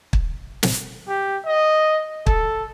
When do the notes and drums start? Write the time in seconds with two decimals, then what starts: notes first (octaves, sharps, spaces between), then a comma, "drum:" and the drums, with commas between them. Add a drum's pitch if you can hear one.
0.13 drum: kick
0.63 drum: snare
1.08 G4
1.45 D#5
2.26 A4, drum: kick